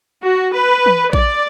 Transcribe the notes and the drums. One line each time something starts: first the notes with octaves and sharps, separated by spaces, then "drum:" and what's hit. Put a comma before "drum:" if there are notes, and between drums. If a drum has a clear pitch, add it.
F#4
B4
drum: tom E3
D5, drum: kick A#1